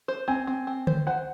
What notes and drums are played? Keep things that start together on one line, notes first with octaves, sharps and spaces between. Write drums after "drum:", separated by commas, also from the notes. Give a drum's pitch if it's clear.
C5
C4 G#5
C4
C4
C5, drum: tom D3
C5 F#5